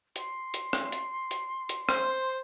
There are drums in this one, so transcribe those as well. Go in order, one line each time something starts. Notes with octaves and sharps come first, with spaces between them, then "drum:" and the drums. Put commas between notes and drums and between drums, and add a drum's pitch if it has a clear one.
C6, drum: hi-hat
drum: hi-hat
drum: rim click
drum: hi-hat
drum: hi-hat
drum: hi-hat
C5, drum: rim click